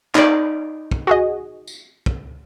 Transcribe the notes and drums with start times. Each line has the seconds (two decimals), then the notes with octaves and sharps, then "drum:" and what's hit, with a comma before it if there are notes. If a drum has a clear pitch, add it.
0.15 D#4 D5, drum: clap
0.91 drum: kick
1.07 F#4 G#4 D#5
1.67 drum: tambourine
2.06 drum: kick